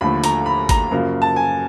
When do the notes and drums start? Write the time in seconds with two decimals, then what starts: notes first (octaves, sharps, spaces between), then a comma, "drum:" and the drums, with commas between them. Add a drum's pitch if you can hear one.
0.01 D#2 D3 F3 A3 B5
0.24 A#5, drum: hi-hat
0.46 B5
0.69 A#5, drum: kick G#1, hi-hat
0.91 F#2 C#3 F3 A#3
1.22 A5
1.36 G#5